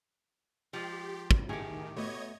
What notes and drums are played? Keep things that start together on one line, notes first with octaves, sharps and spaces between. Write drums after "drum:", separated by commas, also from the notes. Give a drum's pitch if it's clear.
F3 G#3 G4
drum: kick
A2 D#3 G4 G#4
A3 B3 F#4 C#5 D#5 G#6